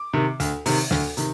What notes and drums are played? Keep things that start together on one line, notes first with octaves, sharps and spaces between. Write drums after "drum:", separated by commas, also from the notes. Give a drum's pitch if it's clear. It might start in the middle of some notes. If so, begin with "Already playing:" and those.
Already playing: D6
C3 D#3
D2, drum: hi-hat
C3 D#3, drum: open hi-hat
D2, drum: snare
C3 D#3, drum: hi-hat